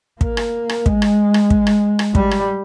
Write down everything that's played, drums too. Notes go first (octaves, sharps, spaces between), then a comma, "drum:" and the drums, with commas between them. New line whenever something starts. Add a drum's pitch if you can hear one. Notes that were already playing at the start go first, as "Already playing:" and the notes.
A#3, drum: kick
drum: rim click
drum: rim click
G#3, drum: kick
drum: rim click
drum: rim click
drum: kick
drum: rim click
drum: rim click
G3, drum: kick
drum: rim click